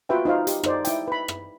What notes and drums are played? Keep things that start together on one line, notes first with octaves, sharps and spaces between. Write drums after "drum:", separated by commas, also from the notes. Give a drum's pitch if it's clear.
F4 F#4 B4 E5 G5
D#4 F4 C5 F5
G4, drum: hi-hat
D#4 A4 C5 D5, drum: rim click
E4 G5, drum: hi-hat
B4 B5
drum: rim click